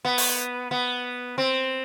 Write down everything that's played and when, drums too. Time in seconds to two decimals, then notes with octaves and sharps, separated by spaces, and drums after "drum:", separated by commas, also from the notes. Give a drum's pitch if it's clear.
0.05 B3
0.18 drum: open hi-hat
0.71 B3
1.38 C4